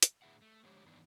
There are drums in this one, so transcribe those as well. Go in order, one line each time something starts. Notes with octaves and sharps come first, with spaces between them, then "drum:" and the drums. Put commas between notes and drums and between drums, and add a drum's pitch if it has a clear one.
drum: hi-hat
A2 D3 F4 G#4 E5 F#5
A3
D3 F3 G#3 A3 G4 C#5
G2 D#3 E3 B3 D4 D#4